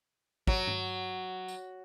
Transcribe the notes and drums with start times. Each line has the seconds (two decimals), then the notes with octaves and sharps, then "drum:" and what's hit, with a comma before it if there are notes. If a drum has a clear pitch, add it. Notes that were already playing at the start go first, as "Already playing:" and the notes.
0.47 F#3, drum: kick
0.67 drum: tom G2
1.48 drum: tambourine